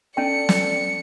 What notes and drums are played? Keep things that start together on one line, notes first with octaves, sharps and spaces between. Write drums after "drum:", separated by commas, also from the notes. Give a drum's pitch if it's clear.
C#4 A4 D5 G5 C#7
drum: snare